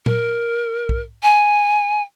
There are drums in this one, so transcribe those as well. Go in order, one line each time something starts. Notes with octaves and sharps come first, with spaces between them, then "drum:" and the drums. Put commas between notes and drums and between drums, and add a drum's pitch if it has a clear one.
A#4, drum: tom A#2
drum: kick B1
G#5